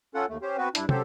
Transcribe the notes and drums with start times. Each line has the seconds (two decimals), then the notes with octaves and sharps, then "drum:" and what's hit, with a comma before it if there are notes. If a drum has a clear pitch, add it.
0.15 C#4 F4 A4 F#5
0.29 D#2 A3
0.42 C#4 G4 C5
0.58 B3 C4 F#4 B4
0.75 G2 D4 E4, drum: hi-hat
0.89 C#3 F#3 G4 A4 C5, drum: tom